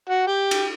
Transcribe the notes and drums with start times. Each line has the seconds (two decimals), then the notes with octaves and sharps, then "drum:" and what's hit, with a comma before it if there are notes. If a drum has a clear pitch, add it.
0.09 F#4
0.27 G4
0.51 drum: cymbal